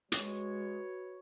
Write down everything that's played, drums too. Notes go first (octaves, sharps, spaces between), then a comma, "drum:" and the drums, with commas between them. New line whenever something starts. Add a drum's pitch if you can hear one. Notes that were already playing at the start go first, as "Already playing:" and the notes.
G#3 F#4 B4 C#5, drum: hi-hat